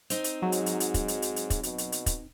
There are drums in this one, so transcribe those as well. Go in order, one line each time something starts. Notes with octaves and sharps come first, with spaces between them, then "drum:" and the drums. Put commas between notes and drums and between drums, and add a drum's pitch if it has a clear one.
C4 D#4, drum: hi-hat
drum: hi-hat
G#2 F#3
drum: hi-hat
drum: hi-hat
drum: hi-hat
drum: kick, hi-hat
drum: hi-hat
drum: hi-hat
drum: hi-hat
drum: kick, hi-hat
B2, drum: hi-hat
drum: hi-hat
drum: hi-hat
drum: kick, hi-hat